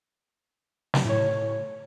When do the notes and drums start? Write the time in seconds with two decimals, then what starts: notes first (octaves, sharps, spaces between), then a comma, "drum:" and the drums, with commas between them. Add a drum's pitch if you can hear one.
0.94 drum: snare
1.05 A2 C#5